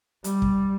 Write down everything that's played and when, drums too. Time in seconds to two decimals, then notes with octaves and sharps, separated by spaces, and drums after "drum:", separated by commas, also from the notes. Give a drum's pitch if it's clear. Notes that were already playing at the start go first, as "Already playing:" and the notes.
0.24 G3, drum: hi-hat
0.42 drum: kick